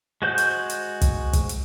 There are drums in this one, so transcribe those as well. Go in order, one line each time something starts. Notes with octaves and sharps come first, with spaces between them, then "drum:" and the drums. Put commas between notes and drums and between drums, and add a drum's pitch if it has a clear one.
G#3 F#4 C5 G6
drum: hi-hat
drum: hi-hat
drum: kick, hi-hat
drum: kick, hi-hat
drum: hi-hat